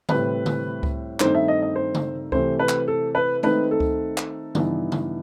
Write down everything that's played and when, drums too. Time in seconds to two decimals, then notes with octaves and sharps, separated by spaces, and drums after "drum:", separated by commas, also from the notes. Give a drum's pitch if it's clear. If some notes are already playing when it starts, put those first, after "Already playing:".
0.09 A2 G3 C4 B4, drum: tom C#3
0.46 drum: tom C#3
0.83 drum: kick C#2
1.20 G2 D#3 A3 C4 D#4 C5, drum: clap
1.35 E5
1.48 D#5
1.62 D#5
1.76 C5
1.95 drum: tom C#3
2.32 C3 E3 A3 C4 C5, drum: kick C#2
2.59 B4
2.69 drum: clap
2.88 A4
3.15 B4
3.43 D#3 A3 C4 D#4 B4, drum: tom G#3
3.71 A4
3.80 drum: kick C#2
4.18 drum: clap
4.55 G2 E3 B3 D#4, drum: tom C#3
4.92 drum: tom C#3